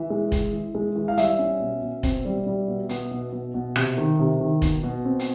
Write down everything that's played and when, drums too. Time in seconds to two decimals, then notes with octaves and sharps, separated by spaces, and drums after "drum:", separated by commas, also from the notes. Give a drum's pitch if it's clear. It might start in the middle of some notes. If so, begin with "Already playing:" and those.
Already playing: E3 E5
0.10 G#3
0.32 E3, drum: kick, hi-hat
0.53 E3
0.75 G#3
0.96 E3
1.08 F5
1.17 G3 E5, drum: hi-hat
1.39 C#4
1.60 B2
1.82 B2
2.03 C4, drum: kick, hi-hat
2.25 G3
2.47 G3
2.68 B2
2.89 B3, drum: hi-hat
3.11 B2
3.32 B2
3.54 B2
3.76 C3, drum: rim click
3.97 D#3
4.19 C3
4.40 D#3
4.62 B2, drum: kick, hi-hat
4.83 B2
5.05 C4
5.19 drum: hi-hat